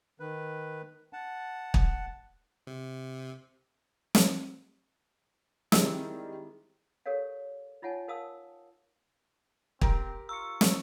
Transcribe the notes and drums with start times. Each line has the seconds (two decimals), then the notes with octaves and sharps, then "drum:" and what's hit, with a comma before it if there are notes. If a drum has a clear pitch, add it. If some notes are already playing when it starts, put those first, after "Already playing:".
0.20 D#3 B4
1.13 F#5 A5
1.74 drum: kick
2.67 C3
4.15 drum: snare
5.72 D#3 G3 G#3 C4 E4 E6, drum: snare
7.06 G4 A4 A#4 C#5 F5
7.82 D#4 F4 C#5 F#5 G#5 A5
8.08 A#4 C5 F5 A5 D#6 E6
9.81 C4 G4 A#4, drum: kick
10.29 F4 A#5 C#6 E6 C#7
10.61 drum: snare